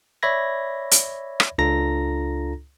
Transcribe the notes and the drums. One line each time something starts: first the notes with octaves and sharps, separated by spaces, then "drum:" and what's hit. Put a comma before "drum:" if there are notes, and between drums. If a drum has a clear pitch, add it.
C#5 D5 E5 B5 G#6 A#6
drum: hi-hat
drum: rim click
C#2 D4 F4 A4 A#5 A#6